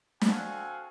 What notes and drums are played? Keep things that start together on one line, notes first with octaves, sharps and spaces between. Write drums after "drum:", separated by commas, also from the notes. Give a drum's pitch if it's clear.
C4 F#4 A4 F5 F#5 G#5, drum: snare